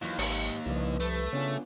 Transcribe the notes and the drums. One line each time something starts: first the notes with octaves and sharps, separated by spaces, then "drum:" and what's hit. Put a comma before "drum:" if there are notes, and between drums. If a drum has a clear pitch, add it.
D#2 E3 F#3 F4
G#1 G#2 G4, drum: open hi-hat
C2 G2 C#3 F3 E4
A3 B4
C#3 B3 C#4 D4 F4